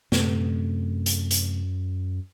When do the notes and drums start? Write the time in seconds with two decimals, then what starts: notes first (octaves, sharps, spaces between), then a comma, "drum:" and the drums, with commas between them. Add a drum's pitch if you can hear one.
0.12 F#2 C3 A3, drum: snare
1.06 drum: hi-hat
1.31 drum: hi-hat